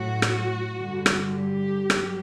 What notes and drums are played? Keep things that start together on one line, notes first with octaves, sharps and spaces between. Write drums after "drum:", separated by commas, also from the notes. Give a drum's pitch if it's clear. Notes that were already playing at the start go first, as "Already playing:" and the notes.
Already playing: A2 F#3 F#4
drum: rim click
G2 D3 G3
drum: rim click
G4
G2 F#3, drum: rim click